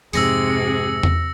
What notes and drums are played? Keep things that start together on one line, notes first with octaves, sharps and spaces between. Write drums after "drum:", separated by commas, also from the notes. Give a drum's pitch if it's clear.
F2 G#2 C3 G#4 E6 A#6 C#7, drum: open hi-hat
drum: tom E2